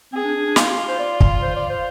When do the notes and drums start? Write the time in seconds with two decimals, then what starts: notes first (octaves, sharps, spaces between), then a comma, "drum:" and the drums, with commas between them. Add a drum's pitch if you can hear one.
0.13 C4 G#4
0.24 D4
0.35 D4
0.46 D4
0.56 D#4 F4, drum: snare
0.68 G4
0.89 C5
0.99 D5
1.20 drum: kick
1.42 C5
1.56 D5
1.70 C5